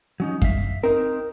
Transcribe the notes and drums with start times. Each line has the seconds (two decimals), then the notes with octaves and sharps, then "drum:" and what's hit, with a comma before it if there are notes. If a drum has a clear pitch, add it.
0.20 F#3 C#4 D#4
0.42 E5 F5, drum: kick F#2
0.83 C4 D#4 A#4